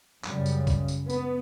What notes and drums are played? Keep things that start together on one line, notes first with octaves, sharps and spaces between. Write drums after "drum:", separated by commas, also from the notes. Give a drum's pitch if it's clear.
F#2 C#3 G3, drum: clap
drum: tambourine
drum: kick, tambourine
drum: tambourine
B3, drum: tambourine